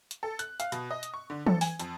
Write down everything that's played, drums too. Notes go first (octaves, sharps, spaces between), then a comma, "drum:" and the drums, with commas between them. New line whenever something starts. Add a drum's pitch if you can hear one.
drum: hi-hat
A4
F#6, drum: hi-hat
F5, drum: hi-hat
B2, drum: hi-hat
D#5
drum: hi-hat
C#6
D3
A4, drum: tom E3
G#5, drum: open hi-hat
F2, drum: hi-hat